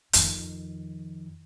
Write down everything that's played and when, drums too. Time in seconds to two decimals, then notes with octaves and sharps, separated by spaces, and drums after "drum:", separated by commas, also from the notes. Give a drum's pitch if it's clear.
0.13 F2 D#3, drum: hi-hat